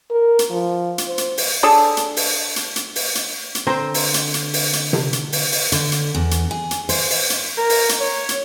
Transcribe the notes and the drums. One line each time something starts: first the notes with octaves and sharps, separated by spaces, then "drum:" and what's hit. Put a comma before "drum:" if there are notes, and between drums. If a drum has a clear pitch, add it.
A#4
drum: hi-hat
F3
drum: hi-hat
C5
drum: hi-hat
drum: open hi-hat
D4 G#4 A4
drum: hi-hat
drum: open hi-hat
drum: hi-hat
drum: hi-hat
drum: open hi-hat
drum: hi-hat
drum: hi-hat
D3 C4 C5 A#5 C6
drum: open hi-hat
drum: hi-hat
drum: hi-hat
drum: open hi-hat
drum: hi-hat
drum: tom C3
drum: hi-hat
drum: open hi-hat
drum: open hi-hat
D3, drum: hi-hat
drum: hi-hat
E2
drum: hi-hat
G#4
drum: hi-hat
C5, drum: open hi-hat
drum: open hi-hat
drum: hi-hat
A#4
drum: open hi-hat
drum: hi-hat
C#5
drum: hi-hat